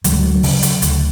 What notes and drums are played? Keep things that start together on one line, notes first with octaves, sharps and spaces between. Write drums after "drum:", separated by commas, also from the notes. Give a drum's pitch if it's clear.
D2 F#3, drum: hi-hat
G3
F#3
C#3, drum: open hi-hat
drum: hi-hat
D2, drum: hi-hat